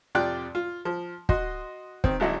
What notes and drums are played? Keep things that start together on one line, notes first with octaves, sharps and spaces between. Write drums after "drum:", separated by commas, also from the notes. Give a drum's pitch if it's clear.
F2 C3 F4 D5 G5 F#6
F4
F3
F#4 D#5 C6, drum: kick
D#3 C4, drum: kick
G#1 D3 F#3 E4 D#5